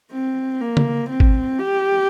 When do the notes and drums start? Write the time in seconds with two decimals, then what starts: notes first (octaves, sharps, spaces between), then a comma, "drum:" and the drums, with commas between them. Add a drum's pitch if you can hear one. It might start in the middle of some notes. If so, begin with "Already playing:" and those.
0.11 C4
0.61 A#3
0.77 drum: tom C#3
1.10 C4
1.20 drum: kick G#1
1.59 G4